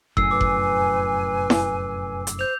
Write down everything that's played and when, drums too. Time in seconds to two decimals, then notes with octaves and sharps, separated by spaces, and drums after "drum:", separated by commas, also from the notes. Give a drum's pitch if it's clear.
0.17 F1 F#2 A2 G#5 E6 C7, drum: kick F#1
0.31 B4 D6
0.41 drum: kick F#1
1.50 drum: snare E4
2.27 drum: hi-hat
2.39 C5 G6 F7